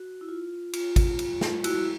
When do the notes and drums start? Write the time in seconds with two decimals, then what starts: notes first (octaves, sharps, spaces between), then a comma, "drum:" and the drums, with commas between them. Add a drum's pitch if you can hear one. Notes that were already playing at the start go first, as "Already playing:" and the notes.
Already playing: F#4
0.21 E4
0.29 F4
0.73 F4, drum: cymbal
0.96 drum: kick G#1, cymbal
1.19 drum: cymbal
1.41 drum: snare
1.64 E4 F#4, drum: cymbal